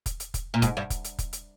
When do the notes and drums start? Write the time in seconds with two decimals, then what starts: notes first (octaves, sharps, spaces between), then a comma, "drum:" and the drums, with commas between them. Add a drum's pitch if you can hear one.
0.06 drum: kick, hi-hat
0.20 drum: hi-hat
0.34 drum: kick, hi-hat
0.54 A#2
0.62 G#2, drum: kick, hi-hat
0.77 G2
0.90 drum: kick, hi-hat
1.04 drum: hi-hat
1.19 drum: kick, hi-hat
1.33 drum: hi-hat